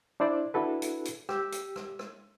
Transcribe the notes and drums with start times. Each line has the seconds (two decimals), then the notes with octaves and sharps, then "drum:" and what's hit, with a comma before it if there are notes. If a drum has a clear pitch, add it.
0.20 D4 E4 C5 D5
0.54 D4 E4 F#4 A4 B4
0.82 drum: hi-hat
1.05 drum: hi-hat
1.29 G4 E6, drum: rim click
1.52 drum: hi-hat
1.76 drum: rim click
1.99 drum: rim click